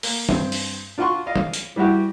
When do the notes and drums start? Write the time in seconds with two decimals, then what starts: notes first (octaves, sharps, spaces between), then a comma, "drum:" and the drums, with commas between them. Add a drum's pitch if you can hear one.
0.03 A#3, drum: open hi-hat
0.29 G2 C4, drum: tom
0.52 drum: open hi-hat
0.98 D4 F4 F#4 F#5 C6 C#6
1.26 D5 D#5 F5
1.36 drum: tom
1.54 drum: hi-hat
1.76 E3 G3 E4 F#4 G4